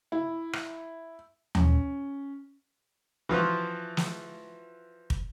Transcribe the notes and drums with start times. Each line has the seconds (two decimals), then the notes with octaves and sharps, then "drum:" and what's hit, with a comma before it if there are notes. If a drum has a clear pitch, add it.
0.12 E4
0.53 drum: rim click
1.55 C#4, drum: tom D#2
3.29 E3 F3 F4 F#4
3.97 drum: snare
5.10 drum: kick